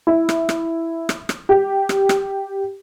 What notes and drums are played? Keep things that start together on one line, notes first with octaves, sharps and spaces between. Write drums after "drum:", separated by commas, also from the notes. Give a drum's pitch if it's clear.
E4
drum: rim click
drum: rim click
drum: rim click
drum: rim click
G4
drum: rim click
drum: rim click